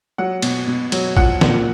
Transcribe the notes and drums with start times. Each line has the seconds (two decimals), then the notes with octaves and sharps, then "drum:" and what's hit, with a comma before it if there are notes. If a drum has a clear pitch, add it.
0.18 F#3 F#5
0.42 B2, drum: cymbal
0.67 B2
0.92 F#3, drum: cymbal
1.17 F3 F#5, drum: kick A1
1.41 A#2, drum: snare